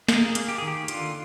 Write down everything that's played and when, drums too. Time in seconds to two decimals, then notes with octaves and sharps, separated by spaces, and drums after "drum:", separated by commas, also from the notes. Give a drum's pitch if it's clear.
0.09 A#3 G#4, drum: snare
0.35 A#3, drum: hi-hat
0.48 G4
0.58 D#3 G#4
0.68 G4
0.88 D3 F4, drum: hi-hat